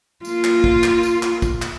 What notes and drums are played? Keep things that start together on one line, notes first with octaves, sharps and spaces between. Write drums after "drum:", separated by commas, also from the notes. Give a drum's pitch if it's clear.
A#3 F4, drum: tambourine
drum: clap
drum: kick
drum: clap
drum: tambourine
drum: clap
drum: kick, tambourine
drum: clap